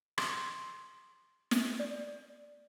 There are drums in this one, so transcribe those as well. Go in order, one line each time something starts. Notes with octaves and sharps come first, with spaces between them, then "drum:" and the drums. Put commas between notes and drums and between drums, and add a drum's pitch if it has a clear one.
C6, drum: rim click
drum: snare
D5